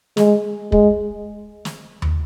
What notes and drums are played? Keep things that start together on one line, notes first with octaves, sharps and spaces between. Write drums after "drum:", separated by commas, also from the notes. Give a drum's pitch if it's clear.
G#3, drum: snare
G#3, drum: kick
drum: snare
drum: tom D#2